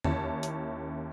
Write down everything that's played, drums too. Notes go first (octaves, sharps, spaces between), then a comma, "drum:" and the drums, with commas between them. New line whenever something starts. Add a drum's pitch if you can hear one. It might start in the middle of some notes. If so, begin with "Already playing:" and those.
D#2 C#4 E4 C#5 A5, drum: tom E2
drum: hi-hat